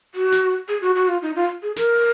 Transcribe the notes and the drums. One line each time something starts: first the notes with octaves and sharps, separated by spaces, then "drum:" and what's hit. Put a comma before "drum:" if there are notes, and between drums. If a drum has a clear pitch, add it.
F#4, drum: hi-hat
drum: snare
drum: hi-hat
G#4, drum: hi-hat
F#4
F#4
F4
D#4
F4
G#4
A#4, drum: snare
drum: hi-hat